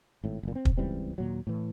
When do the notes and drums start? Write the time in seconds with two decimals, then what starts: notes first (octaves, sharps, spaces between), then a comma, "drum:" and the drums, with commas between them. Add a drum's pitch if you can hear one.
0.24 G#1 A2
0.43 F#1 A#2
0.55 C4
0.65 drum: kick
0.77 C#2 E3 G3 C4
1.18 D#2 A#2 F#3
1.47 A2 E3